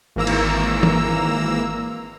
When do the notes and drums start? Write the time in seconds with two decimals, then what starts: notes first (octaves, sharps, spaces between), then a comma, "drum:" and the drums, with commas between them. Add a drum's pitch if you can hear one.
0.16 G#1 E3 A#3 A#5 E6
0.27 drum: cymbal
0.83 drum: tom